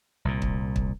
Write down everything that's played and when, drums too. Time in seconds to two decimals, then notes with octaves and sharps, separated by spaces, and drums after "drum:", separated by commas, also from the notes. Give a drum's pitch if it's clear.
0.25 C2 A#2
0.42 drum: kick
0.76 drum: kick